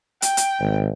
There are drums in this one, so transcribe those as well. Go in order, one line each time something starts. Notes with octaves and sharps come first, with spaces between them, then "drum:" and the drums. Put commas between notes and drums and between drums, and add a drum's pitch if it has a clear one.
G5, drum: hi-hat
drum: hi-hat
G#1